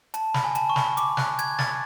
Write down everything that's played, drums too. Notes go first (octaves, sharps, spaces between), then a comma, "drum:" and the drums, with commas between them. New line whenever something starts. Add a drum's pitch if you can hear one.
A5, drum: hi-hat
B5, drum: snare
G#5
A5, drum: hi-hat
C#6
B5, drum: snare
D6, drum: hi-hat
F#6, drum: snare
G#6, drum: hi-hat
A6, drum: snare